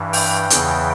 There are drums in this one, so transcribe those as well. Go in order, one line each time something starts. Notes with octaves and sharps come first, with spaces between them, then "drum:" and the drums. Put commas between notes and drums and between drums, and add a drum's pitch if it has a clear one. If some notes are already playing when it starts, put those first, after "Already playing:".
Already playing: G2 E3
G5, drum: open hi-hat
E2 C#3 E3, drum: hi-hat